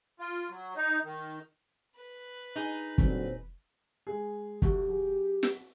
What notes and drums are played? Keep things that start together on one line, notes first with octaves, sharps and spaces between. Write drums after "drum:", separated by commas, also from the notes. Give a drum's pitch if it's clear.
F4
F#3
D#4
D#3
B4
D#4 G#4
A#2 D3 F#3 C4, drum: kick
G#3 G#4
D2 F#4 G4, drum: kick
F#3 G#4
drum: snare